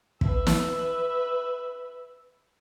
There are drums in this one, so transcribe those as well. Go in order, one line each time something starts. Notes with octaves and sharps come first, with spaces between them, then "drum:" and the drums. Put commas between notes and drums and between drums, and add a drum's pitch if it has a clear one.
B4 E5, drum: kick
drum: snare